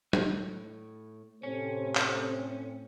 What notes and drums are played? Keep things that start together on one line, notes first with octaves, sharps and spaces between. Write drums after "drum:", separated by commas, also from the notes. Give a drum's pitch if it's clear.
A2, drum: tom
A2 C3 C4 C#4 A4 C5
drum: clap